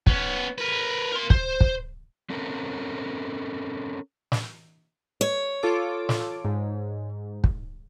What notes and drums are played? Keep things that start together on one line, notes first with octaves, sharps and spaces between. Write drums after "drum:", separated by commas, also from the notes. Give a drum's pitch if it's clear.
B3 C#4, drum: kick
A#4 B4
A#4 C6
C5, drum: kick
drum: kick
C4 C#4 A4 A#4
drum: snare
C#5
F4 A4 D6
drum: snare
G#2
drum: kick